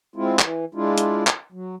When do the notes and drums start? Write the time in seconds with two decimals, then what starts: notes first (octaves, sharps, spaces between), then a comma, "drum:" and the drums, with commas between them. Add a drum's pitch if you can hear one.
0.16 G#3 C4 E4 F4
0.39 E3, drum: clap
0.75 G#3 D4 E4 F4
0.98 drum: hi-hat
1.27 drum: clap
1.52 F#3